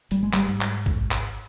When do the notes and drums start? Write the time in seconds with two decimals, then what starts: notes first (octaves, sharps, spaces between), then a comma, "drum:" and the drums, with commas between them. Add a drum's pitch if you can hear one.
0.11 G#1 G3, drum: hi-hat
0.23 G#3
0.33 G3, drum: clap
0.48 G#2
0.61 drum: clap
0.86 G#1, drum: kick
1.11 drum: clap